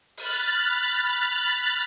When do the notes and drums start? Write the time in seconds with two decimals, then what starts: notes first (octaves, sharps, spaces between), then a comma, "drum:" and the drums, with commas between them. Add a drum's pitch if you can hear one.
0.17 B5 F6 F#6 A6, drum: open hi-hat